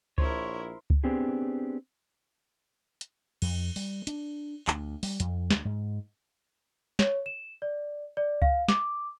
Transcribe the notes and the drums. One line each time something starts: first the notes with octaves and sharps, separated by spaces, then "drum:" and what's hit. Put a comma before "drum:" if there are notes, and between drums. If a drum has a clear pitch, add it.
A#1 E4 A#4 C5 C#5, drum: kick C#2
drum: kick C#2
B3 C4 D4 G4 G#4
drum: hi-hat
F2, drum: cymbal
G3, drum: open hi-hat
D4, drum: hi-hat
D2, drum: clap
G3, drum: open hi-hat
F2, drum: hi-hat
D2, drum: snare
G#2
C#5, drum: snare
E7
D5
D5
F5, drum: kick C#2
D6, drum: snare